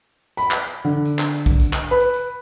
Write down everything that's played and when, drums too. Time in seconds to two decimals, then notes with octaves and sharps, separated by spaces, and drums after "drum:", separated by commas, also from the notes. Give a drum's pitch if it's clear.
0.37 B5, drum: tambourine
0.51 drum: clap
0.65 drum: tambourine
0.85 D3
1.05 drum: tambourine
1.19 drum: clap
1.33 drum: tambourine
1.46 drum: kick, tambourine
1.60 drum: tambourine
1.73 drum: clap
1.91 B4
2.00 drum: tambourine
2.14 drum: tambourine